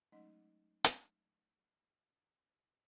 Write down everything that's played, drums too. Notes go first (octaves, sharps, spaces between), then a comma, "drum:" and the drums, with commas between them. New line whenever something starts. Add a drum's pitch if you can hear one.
F#3 G#3 A3 C#4 D#4 D#5
drum: hi-hat